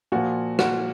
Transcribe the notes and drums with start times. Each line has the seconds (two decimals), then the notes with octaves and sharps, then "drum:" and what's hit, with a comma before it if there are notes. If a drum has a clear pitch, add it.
0.12 A#2 F3 F#4
0.59 F#4, drum: rim click